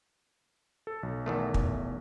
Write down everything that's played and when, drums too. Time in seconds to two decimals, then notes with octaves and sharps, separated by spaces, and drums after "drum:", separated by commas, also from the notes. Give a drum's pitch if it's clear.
0.87 A4
1.03 B1
1.26 E2 D#3 A3
1.54 drum: kick